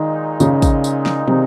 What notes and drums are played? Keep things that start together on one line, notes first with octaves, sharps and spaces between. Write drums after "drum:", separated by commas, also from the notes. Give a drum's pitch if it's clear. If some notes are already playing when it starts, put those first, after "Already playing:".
Already playing: A#2 D#3 G#3 D#4
C#3, drum: tambourine
drum: kick, tambourine
drum: tambourine
drum: snare
C3, drum: tom